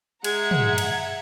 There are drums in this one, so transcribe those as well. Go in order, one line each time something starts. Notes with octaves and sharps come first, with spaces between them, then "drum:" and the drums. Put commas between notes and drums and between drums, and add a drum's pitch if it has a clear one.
G#3 E5 F#5 A#5 G#6, drum: cymbal
drum: tom
drum: cymbal